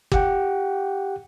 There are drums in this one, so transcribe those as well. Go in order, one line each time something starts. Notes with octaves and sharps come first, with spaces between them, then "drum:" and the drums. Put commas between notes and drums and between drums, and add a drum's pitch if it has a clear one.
G4 F#5 G5, drum: kick